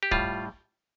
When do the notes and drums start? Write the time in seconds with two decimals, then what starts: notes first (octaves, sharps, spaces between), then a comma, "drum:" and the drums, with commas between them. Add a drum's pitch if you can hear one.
0.03 G4
0.11 A2 G3 F4, drum: kick